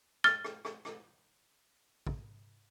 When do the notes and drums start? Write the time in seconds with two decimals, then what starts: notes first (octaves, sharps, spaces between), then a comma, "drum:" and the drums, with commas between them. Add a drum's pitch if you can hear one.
0.24 F6 A6 G7, drum: rim click
0.44 drum: rim click
0.65 drum: rim click
0.85 drum: rim click
2.07 drum: kick